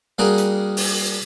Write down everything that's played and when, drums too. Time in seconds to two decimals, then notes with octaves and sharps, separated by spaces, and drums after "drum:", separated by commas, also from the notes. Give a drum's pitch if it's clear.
0.18 G3 A#3 D4 F#4 G#4 A#4
0.38 drum: hi-hat
0.77 drum: open hi-hat